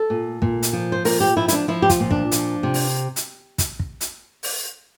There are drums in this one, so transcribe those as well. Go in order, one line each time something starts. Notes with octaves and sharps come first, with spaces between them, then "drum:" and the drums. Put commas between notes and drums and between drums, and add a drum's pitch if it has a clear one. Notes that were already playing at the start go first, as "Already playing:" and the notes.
Already playing: A4
A#2
A#2, drum: kick
drum: hi-hat
F3
C5
A#2 A#4, drum: open hi-hat
G4
F3 E4
E4, drum: hi-hat
D4
F3 E4
G4
F4, drum: kick, hi-hat
A#2
D4, drum: kick
F3, drum: hi-hat
C3
drum: open hi-hat
drum: hi-hat
drum: kick, hi-hat
drum: kick
drum: hi-hat
drum: open hi-hat